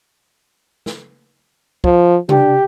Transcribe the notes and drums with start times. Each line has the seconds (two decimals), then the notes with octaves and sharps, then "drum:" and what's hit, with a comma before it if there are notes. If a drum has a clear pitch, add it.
0.86 drum: snare
1.84 F3, drum: kick
2.29 D4 G4, drum: tom C3